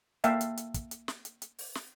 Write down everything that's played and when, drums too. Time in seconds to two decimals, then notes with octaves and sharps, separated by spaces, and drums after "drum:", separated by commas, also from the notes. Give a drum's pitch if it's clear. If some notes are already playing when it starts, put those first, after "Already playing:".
0.24 A#3 E5 F5 G5 A5, drum: hi-hat
0.41 drum: hi-hat
0.57 drum: hi-hat
0.74 drum: kick, hi-hat
0.91 drum: hi-hat
1.08 drum: snare
1.25 drum: hi-hat
1.42 drum: hi-hat
1.59 drum: open hi-hat
1.75 drum: snare